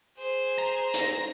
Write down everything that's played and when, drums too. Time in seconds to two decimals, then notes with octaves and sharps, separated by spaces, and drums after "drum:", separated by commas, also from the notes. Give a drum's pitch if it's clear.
0.18 G#4 C5
0.58 A#5
0.94 drum: hi-hat